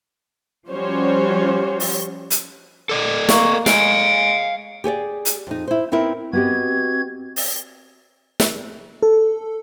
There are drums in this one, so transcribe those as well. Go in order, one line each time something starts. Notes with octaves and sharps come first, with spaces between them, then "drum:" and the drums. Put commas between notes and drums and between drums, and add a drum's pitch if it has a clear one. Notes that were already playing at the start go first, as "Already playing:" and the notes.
F3 G3 C#4 F#4 C5 C#5
drum: open hi-hat
drum: hi-hat
A4 D5 D#5
A#3 C#6, drum: snare
G#3 F5 G#5 D7, drum: snare
G4 G#4 C#5 D5
drum: hi-hat
F2 D#4
E4 C5
B3 C4 D#4 E4 A#4
B3 C4 F#4 G4 D#5 G#6
drum: open hi-hat
drum: snare
A4